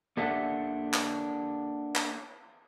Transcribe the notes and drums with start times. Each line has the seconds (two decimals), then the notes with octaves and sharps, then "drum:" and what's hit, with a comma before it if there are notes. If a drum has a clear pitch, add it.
0.17 A#3 D4 G4 A4 E5 F#5
0.94 drum: clap
1.95 drum: clap